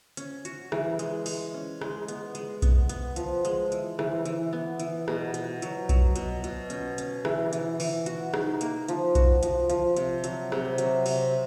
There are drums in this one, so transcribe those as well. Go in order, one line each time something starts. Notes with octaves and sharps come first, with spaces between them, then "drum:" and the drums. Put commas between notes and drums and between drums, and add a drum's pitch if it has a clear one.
C#4, drum: hi-hat
F#4, drum: hi-hat
E3, drum: rim click
G#3, drum: hi-hat
G#3, drum: open hi-hat
C#4
G#3, drum: rim click
B3, drum: hi-hat
G#3, drum: hi-hat
B3, drum: kick B1, hi-hat
B3, drum: hi-hat
F3, drum: hi-hat
G#3, drum: hi-hat
E3, drum: hi-hat
E3, drum: rim click
E3, drum: hi-hat
B3
E3, drum: hi-hat
B2, drum: rim click
B2, drum: hi-hat
F#3, drum: hi-hat
F#3, drum: kick B1, hi-hat
B2, drum: hi-hat
B2, drum: hi-hat
C#4, drum: hi-hat
C#4, drum: hi-hat
E3, drum: rim click
E3, drum: hi-hat
E3, drum: open hi-hat
F#4, drum: hi-hat
D#4, drum: rim click
A#3, drum: hi-hat
F3, drum: hi-hat
F#4, drum: kick B1, hi-hat
F3, drum: hi-hat
F3, drum: hi-hat
C3, drum: hi-hat
F#3, drum: hi-hat
C3, drum: rim click
F#3, drum: hi-hat
C3, drum: open hi-hat